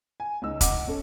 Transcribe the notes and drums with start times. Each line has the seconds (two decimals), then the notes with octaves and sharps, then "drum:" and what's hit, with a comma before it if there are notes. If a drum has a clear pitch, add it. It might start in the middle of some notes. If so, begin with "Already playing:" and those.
0.20 G#5
0.42 C#2 C#4 D#4 E6
0.61 D#5 F#5 D6, drum: kick, hi-hat
0.87 C#4 A4